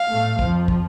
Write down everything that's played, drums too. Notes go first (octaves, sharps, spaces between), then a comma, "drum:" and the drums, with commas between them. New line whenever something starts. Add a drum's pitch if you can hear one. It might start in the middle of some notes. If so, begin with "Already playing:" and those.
Already playing: F5
A2 A3
F2 F3, drum: kick
drum: kick